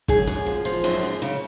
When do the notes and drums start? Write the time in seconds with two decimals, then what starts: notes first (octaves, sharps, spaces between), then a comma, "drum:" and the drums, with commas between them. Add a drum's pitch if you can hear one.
0.08 F#2 G#4, drum: kick
0.27 F#2
0.46 F3
0.65 F3
0.84 F#2, drum: open hi-hat
1.03 F#2
1.22 C#3